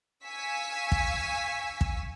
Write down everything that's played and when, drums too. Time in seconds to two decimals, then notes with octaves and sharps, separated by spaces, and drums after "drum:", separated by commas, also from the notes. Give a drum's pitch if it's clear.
0.25 F5 G#5 C#6 E6 B6
0.92 drum: kick
1.81 drum: kick